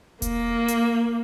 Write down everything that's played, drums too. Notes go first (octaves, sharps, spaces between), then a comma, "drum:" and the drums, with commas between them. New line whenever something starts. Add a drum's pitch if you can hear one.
A#3, drum: kick E1, hi-hat
drum: hi-hat